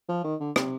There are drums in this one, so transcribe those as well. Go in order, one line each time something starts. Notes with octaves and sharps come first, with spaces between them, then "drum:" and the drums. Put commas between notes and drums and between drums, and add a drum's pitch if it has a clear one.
F3
D#3
D3
C3, drum: rim click